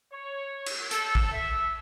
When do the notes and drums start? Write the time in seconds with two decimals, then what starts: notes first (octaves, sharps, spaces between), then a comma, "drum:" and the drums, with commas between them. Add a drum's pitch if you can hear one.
0.13 C#5
0.66 drum: cymbal
0.91 A4, drum: hi-hat
1.15 drum: kick A1
1.31 E5